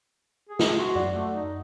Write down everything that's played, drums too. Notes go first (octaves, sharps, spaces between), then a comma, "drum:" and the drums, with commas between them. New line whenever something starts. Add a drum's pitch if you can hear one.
G#4
drum: snare
F#4 C6
F#2 D5 F#5
A3
D#4